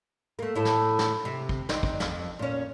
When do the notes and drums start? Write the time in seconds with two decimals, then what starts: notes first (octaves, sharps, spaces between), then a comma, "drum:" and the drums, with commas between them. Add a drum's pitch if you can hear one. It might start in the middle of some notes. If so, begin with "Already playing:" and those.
0.39 A3 A#3
0.55 A2 E4 A4
0.65 drum: snare
0.99 drum: snare
1.25 C3
1.49 drum: kick
1.69 C4 D4 D#4, drum: snare
1.83 drum: kick
2.00 F2, drum: snare
2.39 A#2 C#4